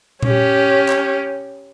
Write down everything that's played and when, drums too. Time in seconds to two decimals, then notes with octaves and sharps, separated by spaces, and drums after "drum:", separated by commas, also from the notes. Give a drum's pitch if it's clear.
0.23 C#4 G4, drum: tom A#2
0.89 drum: clap